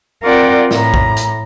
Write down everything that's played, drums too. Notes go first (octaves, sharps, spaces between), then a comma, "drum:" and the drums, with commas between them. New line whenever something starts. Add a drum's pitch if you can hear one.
C4 F4 A#4 D5 F#5 G5
A2 A#5, drum: snare
drum: kick A#1
drum: hi-hat